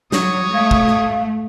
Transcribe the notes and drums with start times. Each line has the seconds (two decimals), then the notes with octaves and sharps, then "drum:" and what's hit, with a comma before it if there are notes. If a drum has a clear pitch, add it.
0.12 F#3 C#5 D#6, drum: snare
0.54 A3 F5
0.71 drum: kick
0.88 drum: rim click